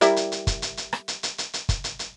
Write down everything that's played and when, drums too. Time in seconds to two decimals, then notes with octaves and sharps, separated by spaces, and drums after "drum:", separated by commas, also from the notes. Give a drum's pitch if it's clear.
0.01 G3 E4 A#4, drum: hi-hat
0.16 drum: hi-hat
0.32 drum: hi-hat
0.47 drum: kick, hi-hat
0.62 drum: hi-hat
0.77 drum: hi-hat
0.93 drum: rim click
1.08 drum: hi-hat
1.23 drum: hi-hat
1.38 drum: hi-hat
1.53 drum: hi-hat
1.69 drum: kick, hi-hat
1.84 drum: hi-hat
1.99 drum: hi-hat